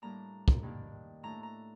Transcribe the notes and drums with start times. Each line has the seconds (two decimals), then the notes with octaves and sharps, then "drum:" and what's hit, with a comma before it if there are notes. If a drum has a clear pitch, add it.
0.02 A2 G3 A#3 D4 A#5
0.48 drum: kick
0.63 G2 D#3 A#3 D4
1.23 A2 A3 D4 A#5
1.43 A#5